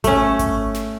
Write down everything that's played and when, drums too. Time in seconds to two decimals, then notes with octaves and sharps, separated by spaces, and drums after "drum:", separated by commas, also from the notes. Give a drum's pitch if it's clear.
0.04 A3 C#4, drum: kick G#1, hi-hat
0.39 drum: kick G#1, hi-hat
0.74 drum: snare